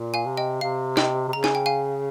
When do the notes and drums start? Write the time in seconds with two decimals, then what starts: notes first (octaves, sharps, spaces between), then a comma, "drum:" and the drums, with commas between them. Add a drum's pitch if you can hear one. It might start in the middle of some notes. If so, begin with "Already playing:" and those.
Already playing: A#2
0.14 F5 G#5
0.26 C3
0.37 D#5 G5
0.61 C3 F5
0.97 D#5 G5, drum: snare
1.28 C3
1.32 C#3 A#5
1.44 G#5, drum: snare
1.55 G5
1.66 F5 G#5